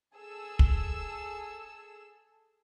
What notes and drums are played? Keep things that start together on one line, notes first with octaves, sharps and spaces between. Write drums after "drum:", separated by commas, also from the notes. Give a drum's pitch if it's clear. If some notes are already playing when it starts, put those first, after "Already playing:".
G#4 A4 E6
drum: kick